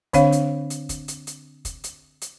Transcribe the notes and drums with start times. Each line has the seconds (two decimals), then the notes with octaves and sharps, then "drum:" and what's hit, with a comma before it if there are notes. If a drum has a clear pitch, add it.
0.13 D3 C4 D4 C#5 F5, drum: kick, hi-hat
0.32 drum: hi-hat
0.70 drum: hi-hat
0.89 drum: kick, hi-hat
1.08 drum: hi-hat
1.27 drum: hi-hat
1.65 drum: kick, hi-hat
1.84 drum: hi-hat
2.21 drum: hi-hat